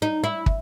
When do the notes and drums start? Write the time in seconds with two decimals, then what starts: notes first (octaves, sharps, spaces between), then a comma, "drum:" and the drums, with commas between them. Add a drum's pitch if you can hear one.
0.02 D#4
0.24 E4
0.46 drum: kick